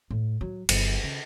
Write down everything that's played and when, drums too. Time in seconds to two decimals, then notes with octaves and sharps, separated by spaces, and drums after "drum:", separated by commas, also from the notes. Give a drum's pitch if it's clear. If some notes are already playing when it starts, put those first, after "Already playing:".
0.11 A2
0.41 F#3
0.69 G1 F#3, drum: cymbal
1.03 C#3